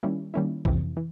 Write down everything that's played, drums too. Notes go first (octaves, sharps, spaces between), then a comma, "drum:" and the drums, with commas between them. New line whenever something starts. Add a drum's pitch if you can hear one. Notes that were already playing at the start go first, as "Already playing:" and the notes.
D#3 G3 A#3 C#4 E4
D#3 G3 A#3 C#4 E4
F2 C3 E3, drum: kick
E3